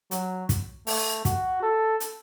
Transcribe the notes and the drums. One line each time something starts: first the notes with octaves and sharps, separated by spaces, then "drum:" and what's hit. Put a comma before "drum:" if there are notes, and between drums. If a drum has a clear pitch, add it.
F#3, drum: hi-hat
drum: kick, hi-hat
A3, drum: open hi-hat
F#4, drum: kick, hi-hat
A4
drum: hi-hat